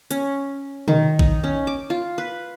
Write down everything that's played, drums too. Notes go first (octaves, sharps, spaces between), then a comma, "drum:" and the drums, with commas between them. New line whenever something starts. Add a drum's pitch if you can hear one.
C#4, drum: hi-hat
D#3, drum: tom
D#4, drum: kick A1
C#4
D6
F4
B4